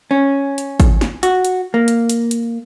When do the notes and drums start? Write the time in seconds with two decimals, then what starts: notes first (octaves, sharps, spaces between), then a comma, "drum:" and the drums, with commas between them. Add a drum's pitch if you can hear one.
0.11 C#4
0.58 drum: hi-hat
0.80 drum: kick, hi-hat
1.01 drum: snare
1.23 F#4, drum: hi-hat
1.45 drum: hi-hat
1.74 A#3
1.88 drum: hi-hat
2.09 drum: hi-hat
2.31 drum: hi-hat